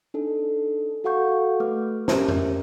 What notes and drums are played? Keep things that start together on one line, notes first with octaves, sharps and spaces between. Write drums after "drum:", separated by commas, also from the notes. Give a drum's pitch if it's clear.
D4 D#4 A4
F#4 A4 F5 F#5 C#6 G6
A3 B4 D6 F6
C#4 G4 A#4 E5 A#5, drum: snare
drum: tom F2